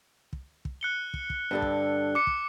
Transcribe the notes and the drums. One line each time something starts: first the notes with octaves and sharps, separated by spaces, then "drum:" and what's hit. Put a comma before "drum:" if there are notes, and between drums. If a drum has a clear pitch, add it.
drum: kick
drum: kick
F#6 C#7 G7
drum: kick
drum: kick
G2 D3 A4
drum: kick
D6 C#7
drum: kick